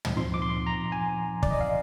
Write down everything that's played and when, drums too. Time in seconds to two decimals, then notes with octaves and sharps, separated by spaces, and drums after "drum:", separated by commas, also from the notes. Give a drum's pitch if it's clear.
0.05 drum: tom
0.16 A#2 F3 C4 D#4 C6
0.34 D6
0.42 C6
0.67 A#5
0.92 G#5
1.43 D5, drum: kick
1.51 D#5
1.61 F5